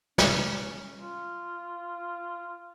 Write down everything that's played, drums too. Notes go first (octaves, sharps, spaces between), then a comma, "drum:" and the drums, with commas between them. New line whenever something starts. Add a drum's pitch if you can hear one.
C#4, drum: snare
F4